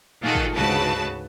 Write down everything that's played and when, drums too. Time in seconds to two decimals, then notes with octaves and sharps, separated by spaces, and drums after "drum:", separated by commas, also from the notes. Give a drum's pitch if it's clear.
0.22 A#2 D#3 F4 F#4 G#4 A4
0.35 drum: kick
0.54 D2 G#2 C#3 F#4 B4 A5